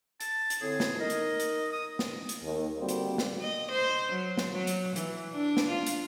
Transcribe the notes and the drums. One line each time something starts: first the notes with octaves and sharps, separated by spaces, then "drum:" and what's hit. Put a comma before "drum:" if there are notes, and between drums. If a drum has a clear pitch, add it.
A5, drum: hi-hat
drum: hi-hat
A2 D3 C4 G#4
drum: snare
D#4 A#4 D#5
drum: hi-hat
drum: hi-hat
D#6
drum: snare
drum: hi-hat
D#2
D3 G3 A#3 C4 F#4 C5
drum: hi-hat
drum: snare
D#5
C5
F#3
drum: snare
F#3
drum: hi-hat
E3, drum: hi-hat
D4
drum: snare
F4
drum: hi-hat